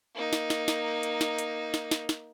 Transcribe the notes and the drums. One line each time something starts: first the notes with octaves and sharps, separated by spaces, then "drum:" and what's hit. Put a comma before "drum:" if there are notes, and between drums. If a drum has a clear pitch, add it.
A#3 D#4
drum: snare
drum: snare
drum: snare
drum: hi-hat
drum: snare
drum: hi-hat
drum: snare
drum: snare
drum: snare